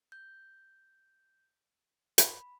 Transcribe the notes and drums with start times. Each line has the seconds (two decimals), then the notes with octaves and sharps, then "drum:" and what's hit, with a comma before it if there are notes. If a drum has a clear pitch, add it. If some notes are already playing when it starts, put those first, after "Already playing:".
0.12 G6
2.18 B5, drum: hi-hat